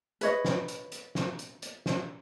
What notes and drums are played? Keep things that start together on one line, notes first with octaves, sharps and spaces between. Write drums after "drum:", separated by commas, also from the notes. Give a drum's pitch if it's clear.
B4 C#5 D#5, drum: hi-hat
drum: snare
drum: hi-hat
drum: hi-hat
drum: snare
drum: hi-hat
drum: hi-hat
drum: snare